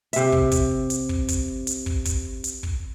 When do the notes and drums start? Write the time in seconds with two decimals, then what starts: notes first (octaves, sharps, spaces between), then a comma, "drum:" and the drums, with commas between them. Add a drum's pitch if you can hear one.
0.13 C3 E5, drum: hi-hat
0.32 drum: kick
0.51 drum: kick, hi-hat
0.90 drum: hi-hat
1.09 drum: kick
1.28 drum: kick, hi-hat
1.67 drum: hi-hat
1.86 drum: kick
2.05 drum: kick, hi-hat
2.44 drum: hi-hat
2.63 drum: kick